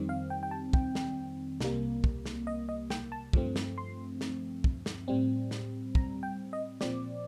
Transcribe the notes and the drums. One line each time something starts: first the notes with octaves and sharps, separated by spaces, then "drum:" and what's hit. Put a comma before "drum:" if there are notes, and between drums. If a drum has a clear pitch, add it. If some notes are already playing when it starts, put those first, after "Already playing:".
Already playing: F2 D#3 G3 C4
F5
G5
G5
A5
G5, drum: kick
drum: snare
C2 C3 G3 A#3, drum: snare
drum: kick
drum: snare
D#5
D#5
G5, drum: snare
A5
G2 F3 A3 C4, drum: kick
drum: snare
C6
drum: snare
drum: kick
drum: snare
A2 G3 C4
drum: snare
A#5, drum: kick
G5
D#5
A#2 F3 C4 D5, drum: snare